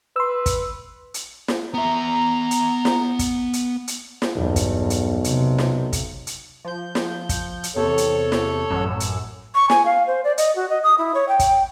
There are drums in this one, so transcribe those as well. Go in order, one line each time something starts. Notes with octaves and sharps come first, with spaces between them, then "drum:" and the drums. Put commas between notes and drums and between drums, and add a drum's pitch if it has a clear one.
B4 C6 E6
drum: kick, hi-hat
drum: hi-hat
drum: snare
B3 E5 A#5
drum: hi-hat
drum: snare
drum: kick, hi-hat
drum: hi-hat
drum: hi-hat
drum: snare
B1 E2 G2
drum: kick, hi-hat
drum: hi-hat
C3, drum: hi-hat
drum: snare
drum: kick, hi-hat
drum: hi-hat
F3 G6
drum: snare
drum: kick, hi-hat
drum: hi-hat
E2 C3 A4 C#5
drum: hi-hat
drum: snare
A1 F#2 E6
drum: hi-hat
C#6
G#5, drum: snare
F5
C5
D5
D#5, drum: hi-hat
F#4
D#5
D#6
E4
C#5
G5
drum: kick, hi-hat